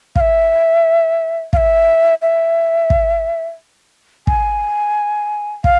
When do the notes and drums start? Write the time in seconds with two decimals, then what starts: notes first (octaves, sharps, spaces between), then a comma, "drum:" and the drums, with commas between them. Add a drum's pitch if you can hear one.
0.16 F5, drum: kick
0.20 E5
1.53 F5, drum: kick
1.57 E5
2.22 E5
2.90 drum: kick
4.27 G#5, drum: kick
5.64 F5, drum: kick